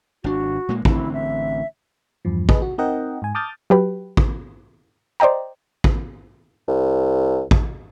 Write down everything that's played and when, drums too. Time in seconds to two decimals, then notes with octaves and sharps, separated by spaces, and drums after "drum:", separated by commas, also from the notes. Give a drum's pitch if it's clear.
0.24 G#1 D4 F#4
0.69 A#2 G#3 A#3
0.85 A1 D3 C4 E4, drum: kick
1.13 E5
2.25 E2 G2 F3
2.49 G#4 B4 D#5, drum: kick
2.62 F#4
2.78 C4 D#4 A#4 D#5 F#5 G5
3.22 G#2 G#5
3.35 A5 D6 D#6 F6 G6 A6
3.70 F#3 G4 B4
4.17 drum: kick
5.20 C5 D5 D#5 G5 A#5
5.84 drum: kick
6.68 C2
7.51 drum: kick